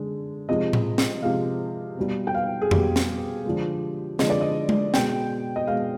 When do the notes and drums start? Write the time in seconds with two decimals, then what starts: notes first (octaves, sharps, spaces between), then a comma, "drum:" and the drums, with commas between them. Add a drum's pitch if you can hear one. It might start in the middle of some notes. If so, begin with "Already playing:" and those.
Already playing: D3 G#3
0.48 C3 F3 G#3 D#5
0.73 drum: tom A2
0.98 drum: snare
1.23 C3 F3 G#3 F5
1.97 B2 G3
2.27 G5
2.35 F5
2.62 G#4
2.71 B2 G3 G4, drum: tom F2
2.96 drum: snare
3.46 D3 F3 G#3
4.19 D3 F3 G#3 D#5, drum: snare
4.30 D5
4.41 D#5
4.69 drum: tom G#3
4.94 B2 G#3 G5, drum: snare
5.56 D#5
5.67 B2 G#3 F5